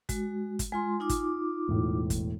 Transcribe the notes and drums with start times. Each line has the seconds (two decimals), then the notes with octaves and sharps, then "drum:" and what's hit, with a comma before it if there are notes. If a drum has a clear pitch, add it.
0.09 G#3 F#4, drum: kick, hi-hat
0.59 drum: kick, hi-hat
0.72 G#3 F4 G#5 C6
1.00 D#4 F4 D6
1.09 drum: kick, hi-hat
1.68 E1 A2
2.10 drum: kick, hi-hat